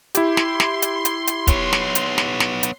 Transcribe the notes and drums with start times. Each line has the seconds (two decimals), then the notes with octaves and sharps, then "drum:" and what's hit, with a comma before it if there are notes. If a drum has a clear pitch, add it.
0.15 E4 G4 C6, drum: hi-hat
0.37 drum: snare
0.60 drum: snare
0.82 drum: hi-hat
1.05 drum: hi-hat
1.27 drum: hi-hat
1.47 B3 C#5, drum: kick, hi-hat
1.73 drum: snare
1.95 drum: hi-hat
2.18 drum: snare
2.40 drum: snare
2.63 drum: hi-hat